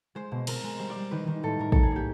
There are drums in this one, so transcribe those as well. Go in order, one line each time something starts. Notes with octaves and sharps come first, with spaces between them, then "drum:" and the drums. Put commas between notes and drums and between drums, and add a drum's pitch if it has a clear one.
G#3 C5
B2
C4 A#4, drum: cymbal
G#3
G3 C5
D5
G3
D#3 B4
D#3
A2 A4
A2 A#4
A2 A4, drum: kick
G#4
A#3 G4